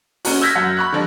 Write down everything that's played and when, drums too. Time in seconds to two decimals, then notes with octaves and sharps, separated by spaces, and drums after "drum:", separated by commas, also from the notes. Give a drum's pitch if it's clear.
0.25 C#4 F#4, drum: open hi-hat
0.41 E6 F6 G6 G#6 A#6 B6
0.55 F#2 F#5
0.77 B5 C#6 F#6
0.93 D3 F3 G3